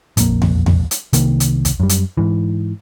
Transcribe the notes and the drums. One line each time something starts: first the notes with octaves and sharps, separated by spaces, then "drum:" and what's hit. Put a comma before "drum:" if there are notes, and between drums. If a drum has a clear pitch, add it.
A#1 F2 A#3, drum: kick, hi-hat
drum: tom E2
drum: tom E2
drum: hi-hat
C2 C3 D#3 A#3, drum: hi-hat
drum: hi-hat
drum: kick, hi-hat
F#2 G3
drum: hi-hat
G#2 E3